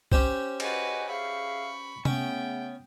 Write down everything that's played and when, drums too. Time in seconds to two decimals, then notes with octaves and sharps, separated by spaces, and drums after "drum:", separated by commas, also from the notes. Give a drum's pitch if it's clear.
0.12 C#4 G4 C5, drum: kick B1
0.60 F#4 B4 D#5 G#5, drum: cymbal
1.09 G#4 E5 F5 B5 C#6
2.05 C#3 A3 B3 C#4 G5, drum: tom C3